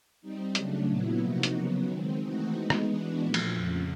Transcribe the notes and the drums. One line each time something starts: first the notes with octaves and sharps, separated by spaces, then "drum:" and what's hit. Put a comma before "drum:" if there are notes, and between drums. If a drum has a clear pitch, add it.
G3 C4 D#4
C#3 F#3 A3 D4, drum: hi-hat
A#2 F#3 B3 E4
C3 F3 A#3 D#4 F#4
drum: hi-hat
C#3 F#3 B3
D#3 G#3 C4
E3 A3 C4 D#4 F#4
G#3 B3 D#4
drum: rim click
E3 G#3 B3 D4 F#4
A#2 F3 A3
drum: cymbal
F2 C#3 F3